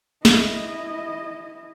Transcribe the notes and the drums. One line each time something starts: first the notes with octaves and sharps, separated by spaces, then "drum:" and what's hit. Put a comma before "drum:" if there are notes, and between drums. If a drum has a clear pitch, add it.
E4 D#5, drum: snare